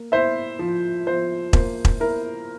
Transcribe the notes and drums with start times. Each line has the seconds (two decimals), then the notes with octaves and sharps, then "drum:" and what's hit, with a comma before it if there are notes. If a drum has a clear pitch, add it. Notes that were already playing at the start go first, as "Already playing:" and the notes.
Already playing: A#3
0.12 E4 C5 E5
0.59 F3
1.07 F3 C5
1.53 A#3 C5, drum: kick E1
1.85 drum: kick E1
2.00 E4 A#4